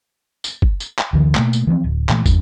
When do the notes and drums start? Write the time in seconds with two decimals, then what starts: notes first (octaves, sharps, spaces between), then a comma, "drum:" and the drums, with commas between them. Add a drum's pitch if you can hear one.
0.44 drum: tambourine
0.62 drum: kick
0.80 drum: tambourine
0.99 drum: clap
1.13 D2 D3 E3
1.35 B2 A3 A#3, drum: clap
1.53 drum: tambourine
1.67 E3 F3 B3 C4
1.84 D1
2.09 A#2 E3 A3, drum: clap
2.26 E2 G2, drum: kick, tambourine